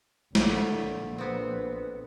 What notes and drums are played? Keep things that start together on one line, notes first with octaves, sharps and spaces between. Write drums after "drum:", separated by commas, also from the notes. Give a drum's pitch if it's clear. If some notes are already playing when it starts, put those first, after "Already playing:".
A#1 D3 A3, drum: snare
B3 C4